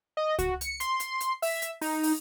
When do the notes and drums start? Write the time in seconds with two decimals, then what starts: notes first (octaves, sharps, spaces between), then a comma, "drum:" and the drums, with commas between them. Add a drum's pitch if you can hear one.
0.17 D#5
0.39 F#4, drum: kick C#2, hi-hat
0.61 C#7, drum: hi-hat
0.80 C6, drum: hi-hat
1.00 drum: hi-hat
1.20 drum: hi-hat
1.42 E5, drum: open hi-hat
1.62 drum: hi-hat
1.81 D#4, drum: open hi-hat
2.03 drum: open hi-hat